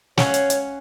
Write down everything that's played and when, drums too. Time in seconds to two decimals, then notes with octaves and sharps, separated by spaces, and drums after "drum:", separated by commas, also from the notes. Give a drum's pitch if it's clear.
0.17 C#4 C#5 F5 F#5, drum: snare
0.34 drum: hi-hat
0.50 drum: hi-hat